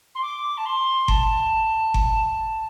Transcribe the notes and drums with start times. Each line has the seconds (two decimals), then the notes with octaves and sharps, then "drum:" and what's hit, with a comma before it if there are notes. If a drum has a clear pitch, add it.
0.15 C6
0.22 D6
0.57 A5
0.65 C6
1.08 A5, drum: kick G1
1.94 drum: kick G1